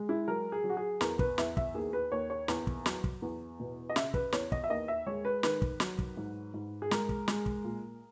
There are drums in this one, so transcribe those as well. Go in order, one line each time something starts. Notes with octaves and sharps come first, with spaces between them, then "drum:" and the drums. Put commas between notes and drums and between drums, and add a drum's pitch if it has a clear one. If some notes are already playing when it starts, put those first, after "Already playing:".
Already playing: G#3
E4
F#3 A#4
G#4
F#3
F#4
G#4
E2 A#4, drum: snare
B4, drum: kick
E2 E5, drum: snare
E5, drum: kick
D#2 G#4
B4
D#2 C#5
C#5
E2, drum: snare
drum: kick
F#3, drum: snare
drum: kick
E2
B2
D#5
C#3 E5, drum: snare
B4, drum: kick
E2 C#5, drum: snare
D#5, drum: kick
E5
D#2 D#5
E5
G#3 C#5
B4
D#3 B4, drum: snare
drum: kick
F#3, drum: snare
drum: kick
G#2
G#2
G#4
G#3 A#4, drum: snare
drum: kick
G#3, drum: snare
drum: kick
A#2